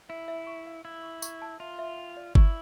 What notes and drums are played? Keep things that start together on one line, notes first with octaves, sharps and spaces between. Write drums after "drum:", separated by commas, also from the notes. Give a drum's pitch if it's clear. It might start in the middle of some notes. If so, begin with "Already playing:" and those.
E4 E5
E5
C#6
F5
E4 F5
C#6
C#6, drum: tambourine
A5
F4 E5
E5
G5
D5
E4 C#6, drum: kick G1